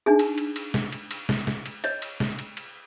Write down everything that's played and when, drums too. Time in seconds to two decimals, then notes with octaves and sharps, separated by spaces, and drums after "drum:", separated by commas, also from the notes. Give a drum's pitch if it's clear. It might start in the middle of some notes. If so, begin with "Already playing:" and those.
0.06 D4 D#4 G#4
0.19 drum: cymbal
0.38 drum: cymbal
0.56 drum: cymbal
0.74 drum: snare
0.92 drum: cymbal
1.11 drum: cymbal
1.29 drum: snare
1.47 drum: snare
1.65 drum: cymbal
1.84 C#5 D#5, drum: cymbal
2.02 drum: cymbal
2.20 drum: snare
2.39 drum: cymbal
2.57 drum: cymbal